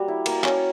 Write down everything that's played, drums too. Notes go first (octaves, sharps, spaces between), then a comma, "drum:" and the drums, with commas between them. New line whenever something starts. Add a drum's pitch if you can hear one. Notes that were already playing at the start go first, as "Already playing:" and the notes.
Already playing: G3 A#3 F#4
E4
A#3, drum: cymbal
C#4, drum: clap